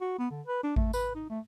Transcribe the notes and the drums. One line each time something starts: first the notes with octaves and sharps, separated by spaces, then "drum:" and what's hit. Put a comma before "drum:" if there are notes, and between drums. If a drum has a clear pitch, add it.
F#4
B3
D3
B4
D4
A3, drum: kick G#1
B4, drum: tambourine
D#4
A3